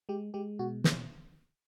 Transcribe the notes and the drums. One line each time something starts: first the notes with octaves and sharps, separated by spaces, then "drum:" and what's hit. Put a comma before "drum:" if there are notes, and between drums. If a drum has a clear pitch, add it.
G#3 G4
G#3 G4
B2 F#4
drum: snare